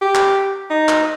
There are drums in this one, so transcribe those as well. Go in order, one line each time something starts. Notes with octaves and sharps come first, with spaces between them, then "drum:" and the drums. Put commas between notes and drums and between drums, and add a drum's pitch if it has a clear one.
G4
drum: clap
D#4
drum: clap